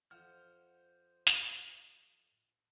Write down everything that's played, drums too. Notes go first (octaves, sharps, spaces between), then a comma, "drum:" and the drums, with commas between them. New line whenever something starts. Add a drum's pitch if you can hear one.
F2 F3 C5 F#5 F6
drum: snare